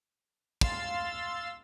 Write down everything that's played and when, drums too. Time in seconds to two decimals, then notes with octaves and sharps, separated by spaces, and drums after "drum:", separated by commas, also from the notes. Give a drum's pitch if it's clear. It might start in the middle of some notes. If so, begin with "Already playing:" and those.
0.61 F5 C6 E6 A6, drum: kick